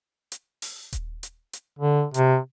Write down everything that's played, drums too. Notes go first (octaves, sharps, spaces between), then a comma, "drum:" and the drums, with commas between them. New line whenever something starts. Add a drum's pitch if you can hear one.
drum: hi-hat
drum: open hi-hat
drum: kick D#1, hi-hat
drum: hi-hat
drum: hi-hat
D3
C3, drum: hi-hat